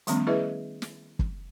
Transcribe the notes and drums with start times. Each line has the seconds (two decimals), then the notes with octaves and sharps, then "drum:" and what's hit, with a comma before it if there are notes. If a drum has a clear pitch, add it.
0.07 D#3 F3 G3 A3 B3 C#4, drum: hi-hat
0.27 E4 G#4 B4 D#5 E5
0.82 drum: snare
1.19 drum: kick